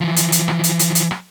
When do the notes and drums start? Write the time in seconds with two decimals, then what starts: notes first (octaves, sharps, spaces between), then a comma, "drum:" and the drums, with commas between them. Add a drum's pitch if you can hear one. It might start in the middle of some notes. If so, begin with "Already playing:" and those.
0.01 E3 F3
0.16 drum: hi-hat
0.32 drum: hi-hat
0.48 drum: rim click
0.64 drum: hi-hat
0.79 drum: hi-hat
0.95 drum: hi-hat
1.11 drum: rim click